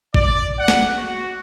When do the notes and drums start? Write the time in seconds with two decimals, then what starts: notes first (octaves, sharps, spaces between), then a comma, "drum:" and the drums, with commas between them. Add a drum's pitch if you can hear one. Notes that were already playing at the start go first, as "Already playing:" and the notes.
0.14 D5, drum: kick G#1
0.59 F#5
0.68 drum: snare
0.97 F#4